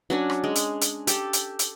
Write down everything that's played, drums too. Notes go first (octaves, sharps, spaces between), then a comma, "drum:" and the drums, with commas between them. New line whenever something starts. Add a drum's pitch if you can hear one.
F#3 C#4 D4
drum: rim click
G#3
drum: hi-hat
drum: hi-hat
G4 A4, drum: hi-hat
drum: hi-hat
drum: hi-hat